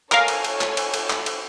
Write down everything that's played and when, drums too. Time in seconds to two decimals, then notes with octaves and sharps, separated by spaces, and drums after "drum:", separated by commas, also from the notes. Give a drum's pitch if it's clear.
0.12 A4 A#4 C#5 F5 G#5, drum: clap
0.28 drum: cymbal
0.44 drum: cymbal
0.61 drum: clap
0.77 drum: cymbal
0.94 drum: cymbal
1.10 drum: clap
1.26 drum: cymbal